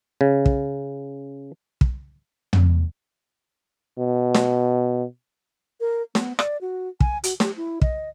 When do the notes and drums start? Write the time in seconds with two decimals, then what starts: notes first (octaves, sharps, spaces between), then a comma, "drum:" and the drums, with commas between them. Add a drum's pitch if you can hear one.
0.21 C#3
0.46 drum: kick
1.81 drum: kick
2.53 drum: tom
3.98 B2
4.35 drum: snare
5.80 A#4
6.15 B3, drum: snare
6.39 D5, drum: rim click
6.61 F#4
7.00 G#5, drum: kick
7.24 F#4, drum: hi-hat
7.40 G4, drum: snare
7.57 E4
7.81 D#5, drum: kick